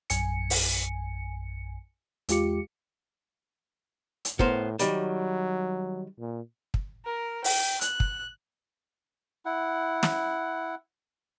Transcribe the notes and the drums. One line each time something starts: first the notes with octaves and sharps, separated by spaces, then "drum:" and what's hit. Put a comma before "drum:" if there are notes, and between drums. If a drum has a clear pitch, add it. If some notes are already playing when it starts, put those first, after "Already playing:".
A#1 F#2 G#5 C#7, drum: hi-hat
drum: open hi-hat
E2 G#3 F4 G4 D6 C#7, drum: hi-hat
drum: hi-hat
A2 B3 A#4 C5, drum: kick
D#3 F#3 G3, drum: hi-hat
A#2
drum: kick
A#4
G5, drum: open hi-hat
F#6, drum: hi-hat
drum: kick
E4 F#5
drum: snare